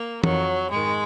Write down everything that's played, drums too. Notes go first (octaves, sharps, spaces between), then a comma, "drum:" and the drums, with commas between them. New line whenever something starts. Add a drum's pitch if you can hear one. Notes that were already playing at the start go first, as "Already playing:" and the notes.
Already playing: A#3
F2 D#3 F#3, drum: tom E3
G#2 D#3 G#3